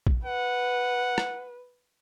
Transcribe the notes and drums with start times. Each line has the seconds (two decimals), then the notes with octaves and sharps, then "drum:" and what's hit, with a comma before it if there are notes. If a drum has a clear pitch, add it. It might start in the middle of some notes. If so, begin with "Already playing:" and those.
0.07 drum: kick A#1
0.25 B4 F#5
1.18 drum: rim click